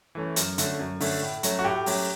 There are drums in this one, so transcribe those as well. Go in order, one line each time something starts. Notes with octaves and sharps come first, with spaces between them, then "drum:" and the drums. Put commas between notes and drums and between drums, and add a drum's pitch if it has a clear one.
E3 A3 C#4
F#2, drum: hi-hat
D3 A3 C#4, drum: hi-hat
F#2
D3 A3 C#4, drum: open hi-hat
A2
F#3 A3 C#4, drum: hi-hat
F#4
A2 G4
F#3 A3 C#4, drum: open hi-hat